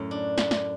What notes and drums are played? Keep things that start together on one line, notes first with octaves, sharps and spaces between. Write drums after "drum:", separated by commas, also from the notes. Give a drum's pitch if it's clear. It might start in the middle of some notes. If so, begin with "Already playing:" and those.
Already playing: F#2 A2 A4 C#5
D4
drum: snare
drum: snare